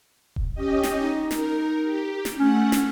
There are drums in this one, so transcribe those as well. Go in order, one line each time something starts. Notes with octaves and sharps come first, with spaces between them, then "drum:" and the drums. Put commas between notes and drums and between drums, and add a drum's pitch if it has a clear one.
drum: kick D#1
C#4 G4 D#5
drum: snare
D#4
A#4, drum: snare
G4
drum: snare
A3 C#4 F#5
drum: snare